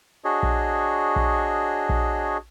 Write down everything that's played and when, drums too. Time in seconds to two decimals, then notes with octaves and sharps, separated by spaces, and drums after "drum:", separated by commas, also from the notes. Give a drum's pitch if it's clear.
0.24 D4 F#4 G#4 C#5 D#5
0.43 drum: kick A#1
1.16 drum: kick A#1
1.89 drum: kick A#1